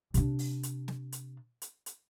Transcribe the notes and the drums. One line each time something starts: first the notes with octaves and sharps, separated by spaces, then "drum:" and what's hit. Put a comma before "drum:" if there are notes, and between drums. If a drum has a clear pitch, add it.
C3 D4, drum: hi-hat
drum: open hi-hat
drum: hi-hat
drum: snare
drum: hi-hat
drum: hi-hat
drum: hi-hat